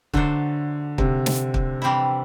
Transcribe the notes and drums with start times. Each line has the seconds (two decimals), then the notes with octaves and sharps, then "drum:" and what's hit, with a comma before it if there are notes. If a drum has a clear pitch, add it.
0.14 D3 F#3 A3 D4 A4 C5, drum: kick
0.98 C3, drum: kick
1.26 drum: snare
1.54 drum: kick
1.82 E3 G3 C4 E4